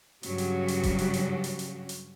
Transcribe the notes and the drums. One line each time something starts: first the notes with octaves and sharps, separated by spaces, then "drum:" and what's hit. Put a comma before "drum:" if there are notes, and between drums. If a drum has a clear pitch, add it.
G2 C#3 F#3 C#4 F#4 G4, drum: hi-hat
drum: hi-hat
drum: hi-hat
drum: kick F#1, hi-hat
drum: hi-hat
drum: hi-hat
drum: hi-hat
drum: hi-hat
drum: hi-hat